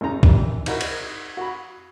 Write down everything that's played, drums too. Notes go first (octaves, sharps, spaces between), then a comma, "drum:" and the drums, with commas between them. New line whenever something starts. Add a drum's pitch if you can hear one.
G#1 D#2 C#3 D#4 A#5
A#1 E3 G3, drum: kick
D#4 E4 F#4 A#4 D#5, drum: cymbal
drum: cymbal
F#4 B5